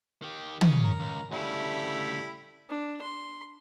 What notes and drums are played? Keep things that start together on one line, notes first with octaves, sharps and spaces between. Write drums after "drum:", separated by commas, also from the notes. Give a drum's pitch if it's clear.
D#3 G4
C#4 G#4, drum: tom
A#4
C#2
D2 C#3 G3 A3 E4
D4
C6